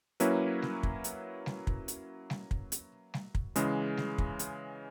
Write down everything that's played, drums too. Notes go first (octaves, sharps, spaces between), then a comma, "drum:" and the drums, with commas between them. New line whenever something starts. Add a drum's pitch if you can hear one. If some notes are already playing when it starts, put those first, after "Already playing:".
F#3 A#3 C#4 E4 B4, drum: hi-hat
drum: snare G3
drum: kick
drum: hi-hat
drum: snare G3
drum: kick
drum: hi-hat
drum: snare G3
drum: kick
drum: hi-hat
drum: snare G3
drum: kick
C#3 E3 G#3, drum: hi-hat
drum: snare G3
drum: kick
drum: hi-hat